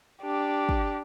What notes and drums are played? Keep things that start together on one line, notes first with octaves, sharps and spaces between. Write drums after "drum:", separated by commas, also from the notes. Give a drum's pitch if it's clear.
D4 G4
drum: kick